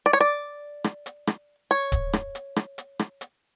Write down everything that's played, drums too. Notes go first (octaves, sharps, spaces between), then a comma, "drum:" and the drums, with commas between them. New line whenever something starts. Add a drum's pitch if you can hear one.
D5
C#5
D5
drum: rim click
drum: hi-hat
drum: rim click
C#5
drum: kick D1, hi-hat
drum: rim click
drum: hi-hat
drum: rim click
drum: hi-hat
drum: rim click
drum: hi-hat